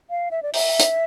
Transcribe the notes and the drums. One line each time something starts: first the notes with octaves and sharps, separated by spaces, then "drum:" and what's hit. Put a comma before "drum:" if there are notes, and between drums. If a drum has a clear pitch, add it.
F5
E5
D5
E5, drum: open hi-hat
drum: hi-hat